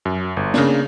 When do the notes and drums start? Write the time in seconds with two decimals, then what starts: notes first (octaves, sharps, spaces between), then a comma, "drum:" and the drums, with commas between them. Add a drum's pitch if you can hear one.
0.05 F#2
0.37 G1
0.54 C#3 A#3 D4, drum: snare